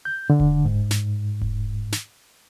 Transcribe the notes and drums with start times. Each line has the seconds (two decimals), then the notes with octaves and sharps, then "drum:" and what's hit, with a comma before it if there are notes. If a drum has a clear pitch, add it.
0.05 G6
0.30 D3
0.40 drum: kick E1
0.65 G#2
0.91 drum: snare
1.42 drum: kick E1
1.92 drum: snare